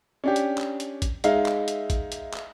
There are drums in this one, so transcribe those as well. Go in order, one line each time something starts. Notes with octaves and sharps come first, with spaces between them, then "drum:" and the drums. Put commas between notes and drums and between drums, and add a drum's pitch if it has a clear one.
C#4 D4 G4
drum: hi-hat
drum: clap
drum: hi-hat
drum: kick, hi-hat
G#3 D#4 E5 F5, drum: hi-hat
drum: clap
drum: hi-hat
drum: kick, hi-hat
drum: hi-hat
drum: clap